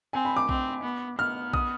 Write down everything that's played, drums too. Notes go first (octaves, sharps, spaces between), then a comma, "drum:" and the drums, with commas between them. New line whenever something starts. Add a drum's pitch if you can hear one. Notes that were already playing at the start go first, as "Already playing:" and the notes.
C4 G#5
B5
D6
C4, drum: kick A#1
B3
B3 F6
D#6, drum: kick A#1